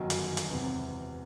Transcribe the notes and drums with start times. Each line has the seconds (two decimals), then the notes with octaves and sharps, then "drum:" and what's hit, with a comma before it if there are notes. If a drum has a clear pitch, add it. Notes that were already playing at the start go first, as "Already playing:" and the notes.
Already playing: G1 F#2 D#3 F#3
0.10 drum: hi-hat
0.37 drum: hi-hat
0.49 E1 E2 C3 E3